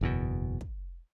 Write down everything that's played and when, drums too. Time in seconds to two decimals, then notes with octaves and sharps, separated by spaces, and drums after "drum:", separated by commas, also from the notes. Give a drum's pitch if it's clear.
0.01 F#1 E2 B2
0.61 drum: kick